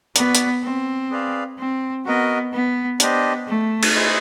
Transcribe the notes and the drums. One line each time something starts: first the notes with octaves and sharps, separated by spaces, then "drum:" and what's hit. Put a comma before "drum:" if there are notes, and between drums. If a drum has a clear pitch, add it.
B3 F#4 B4 D5, drum: hi-hat
drum: hi-hat
C4
G#4 B4 D5 F5
C4
B3 F#4 A#4 D#5
B3
B3 D4 G4 C5 D#5, drum: hi-hat
A3
drum: cymbal
E4 G#4 C5 D#5